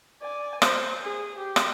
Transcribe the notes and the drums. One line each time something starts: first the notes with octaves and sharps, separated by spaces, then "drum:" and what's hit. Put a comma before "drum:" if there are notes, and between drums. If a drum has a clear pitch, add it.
D5 G#5
C5, drum: rim click
G#4
G4
drum: rim click